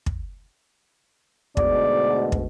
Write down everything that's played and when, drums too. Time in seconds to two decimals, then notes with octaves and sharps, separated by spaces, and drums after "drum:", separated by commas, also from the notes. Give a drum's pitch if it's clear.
0.06 drum: kick
1.57 D2 G#2 B2 D5, drum: kick
2.32 drum: kick